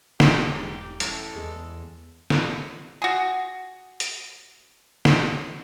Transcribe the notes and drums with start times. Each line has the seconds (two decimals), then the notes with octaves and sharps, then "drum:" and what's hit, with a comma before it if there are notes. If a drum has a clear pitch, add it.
0.20 E1 D3 G#3 A#3 G4, drum: snare
0.55 G#2
1.00 A1 A4, drum: hi-hat
1.36 E2 G#3
2.30 drum: snare
3.02 F#4 G#4
4.00 drum: hi-hat
5.05 drum: snare